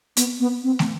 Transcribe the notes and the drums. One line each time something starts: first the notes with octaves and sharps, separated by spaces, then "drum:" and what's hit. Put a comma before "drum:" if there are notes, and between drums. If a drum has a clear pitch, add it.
B3, drum: hi-hat
B3
C4
drum: snare